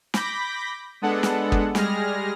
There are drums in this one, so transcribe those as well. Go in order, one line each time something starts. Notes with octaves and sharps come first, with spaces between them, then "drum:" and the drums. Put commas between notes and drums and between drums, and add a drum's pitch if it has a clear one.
B5 D6 G6 A#6 B6, drum: snare
G#3 B3 D4 A4 F#5
drum: snare
drum: kick
G3 G#3 G#4 F6 A#6, drum: snare